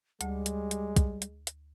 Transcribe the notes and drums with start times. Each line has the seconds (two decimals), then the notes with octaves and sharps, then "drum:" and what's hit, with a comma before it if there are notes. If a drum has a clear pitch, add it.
0.21 D2 G3 G#3, drum: hi-hat
0.46 drum: hi-hat
0.71 drum: hi-hat
0.96 drum: kick, hi-hat
1.22 drum: hi-hat
1.47 drum: hi-hat